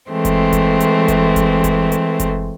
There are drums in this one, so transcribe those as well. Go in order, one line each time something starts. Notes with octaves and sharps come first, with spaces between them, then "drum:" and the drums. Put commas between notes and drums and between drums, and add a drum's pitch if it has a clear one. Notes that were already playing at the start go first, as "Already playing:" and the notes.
E3 G#3 A3 C4
drum: kick F#1, hi-hat
drum: kick F#1, hi-hat
drum: hi-hat
drum: kick F#1, hi-hat
drum: kick F#1, hi-hat
drum: kick F#1, hi-hat
drum: hi-hat
drum: kick F#1, hi-hat